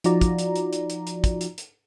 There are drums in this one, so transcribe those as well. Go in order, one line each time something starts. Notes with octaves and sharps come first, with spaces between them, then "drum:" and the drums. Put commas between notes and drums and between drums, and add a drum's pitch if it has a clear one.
F3 D#4 F4 F#4 D5 A#5, drum: hi-hat
drum: kick, hi-hat
drum: hi-hat
drum: hi-hat
drum: hi-hat
drum: hi-hat
drum: hi-hat
drum: kick, hi-hat
drum: hi-hat
drum: hi-hat